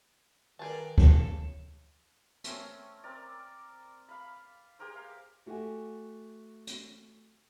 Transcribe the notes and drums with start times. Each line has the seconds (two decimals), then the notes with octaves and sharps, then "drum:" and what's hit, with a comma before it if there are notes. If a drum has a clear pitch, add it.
0.59 G2 D#3 G#4 A#4 D5 A5
0.98 C#3 A4, drum: kick D2
2.44 A3 C4 C#4, drum: hi-hat
3.04 C4 A#4 D5
4.09 F5 B5
4.79 G4 G#4 A#4 C5
4.95 F5
5.46 A3 F#4 G4 G#5
6.67 drum: hi-hat